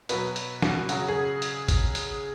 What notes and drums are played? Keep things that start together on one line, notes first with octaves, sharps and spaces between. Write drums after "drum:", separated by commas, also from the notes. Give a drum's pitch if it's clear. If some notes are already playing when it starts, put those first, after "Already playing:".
B2 F#3 B4, drum: hi-hat
drum: hi-hat
F#4, drum: snare
C#3 F#3 F#4, drum: hi-hat
G#4
drum: hi-hat
drum: kick, hi-hat
drum: hi-hat